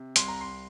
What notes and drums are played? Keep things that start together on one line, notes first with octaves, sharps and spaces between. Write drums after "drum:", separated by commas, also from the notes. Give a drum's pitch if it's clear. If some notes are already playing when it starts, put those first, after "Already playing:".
Already playing: C3
C2 C6, drum: hi-hat
A#5
C6